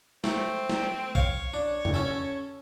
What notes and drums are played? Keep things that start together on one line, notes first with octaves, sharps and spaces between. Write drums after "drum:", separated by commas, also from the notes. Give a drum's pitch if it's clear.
A3 C4, drum: snare
drum: snare
C#5 F5, drum: kick A#1
D4
drum: tom E2
C#4 A4